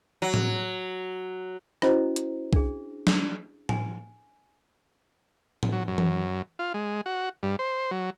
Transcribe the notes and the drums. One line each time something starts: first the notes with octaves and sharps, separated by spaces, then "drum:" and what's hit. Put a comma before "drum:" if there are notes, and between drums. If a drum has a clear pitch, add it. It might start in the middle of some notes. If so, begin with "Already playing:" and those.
F#3
drum: tom A2
C#4 E4 F#4 C5 D#5 A#5, drum: rim click
drum: hi-hat
D4 G#4, drum: kick
drum: snare
G#5, drum: tom A2
drum: tom A2
F#3
F#2
drum: tom E3
F4
G#3
F#4
G2
C5
F#3